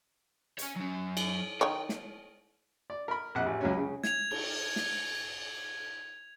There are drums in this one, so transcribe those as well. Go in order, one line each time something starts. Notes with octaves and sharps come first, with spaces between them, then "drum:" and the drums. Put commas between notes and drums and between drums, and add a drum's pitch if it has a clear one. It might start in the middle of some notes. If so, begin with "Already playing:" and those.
C#5 G#5, drum: hi-hat
F#3 C#4
drum: cymbal
D#3 D#4 C#5 G5
drum: snare
D5
A#4 B5
A#1 F2 F#5
A1
C#2 F#3 C#4
C#3
G#6 F7, drum: snare
drum: cymbal
drum: snare